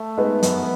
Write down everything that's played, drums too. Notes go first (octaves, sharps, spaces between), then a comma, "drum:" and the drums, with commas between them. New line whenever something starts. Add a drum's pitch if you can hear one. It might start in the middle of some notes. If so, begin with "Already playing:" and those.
Already playing: A3
G#3 B3 D#4
F#2 B3, drum: hi-hat